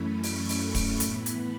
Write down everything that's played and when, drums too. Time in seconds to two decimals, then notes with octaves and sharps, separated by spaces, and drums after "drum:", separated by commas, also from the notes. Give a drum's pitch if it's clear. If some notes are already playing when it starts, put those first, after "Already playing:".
Already playing: F#2 E3 A3 C#4 B5
0.23 C#6, drum: open hi-hat
0.49 drum: open hi-hat
0.75 drum: kick, open hi-hat
1.00 A2 E3 B3 B5, drum: hi-hat
1.26 drum: hi-hat